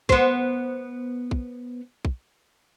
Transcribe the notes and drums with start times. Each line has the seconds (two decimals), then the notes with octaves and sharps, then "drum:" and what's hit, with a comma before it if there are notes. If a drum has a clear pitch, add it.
0.09 B3 C5, drum: kick
1.31 drum: kick
2.05 drum: kick